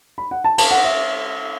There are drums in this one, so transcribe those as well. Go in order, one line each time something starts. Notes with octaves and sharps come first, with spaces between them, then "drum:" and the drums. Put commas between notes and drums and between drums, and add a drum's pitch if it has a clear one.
B5
F#5
A5
A5, drum: cymbal
F#5
E5